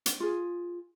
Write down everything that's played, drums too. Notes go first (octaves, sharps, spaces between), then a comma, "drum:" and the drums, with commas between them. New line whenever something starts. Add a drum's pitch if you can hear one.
drum: hi-hat
F4 G#4